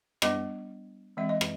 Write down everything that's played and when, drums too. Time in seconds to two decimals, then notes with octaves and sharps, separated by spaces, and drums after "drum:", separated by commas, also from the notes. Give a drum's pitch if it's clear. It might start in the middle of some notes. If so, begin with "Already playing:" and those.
0.22 G3 B3 D4 D#5, drum: rim click
1.17 E3 G#3 C4 E5
1.29 D#5
1.41 drum: rim click